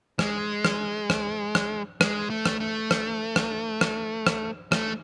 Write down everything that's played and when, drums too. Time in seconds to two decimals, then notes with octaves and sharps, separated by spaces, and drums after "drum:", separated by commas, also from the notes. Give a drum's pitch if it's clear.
0.19 G#3, drum: rim click
0.65 drum: rim click
1.10 drum: rim click
1.55 drum: rim click
2.01 G#3, drum: rim click
2.30 A3
2.46 drum: rim click
2.60 A3
2.91 drum: rim click
3.36 drum: rim click
3.81 drum: rim click
4.27 drum: rim click
4.72 A3, drum: rim click